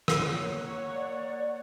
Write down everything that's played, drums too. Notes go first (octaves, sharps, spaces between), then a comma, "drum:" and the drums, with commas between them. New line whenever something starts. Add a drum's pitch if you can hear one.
drum: rim click
A#3 C#5 F#5
D5